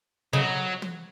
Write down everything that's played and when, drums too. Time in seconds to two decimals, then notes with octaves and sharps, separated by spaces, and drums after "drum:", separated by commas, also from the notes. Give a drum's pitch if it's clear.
0.33 C#3 F#3
0.82 drum: tom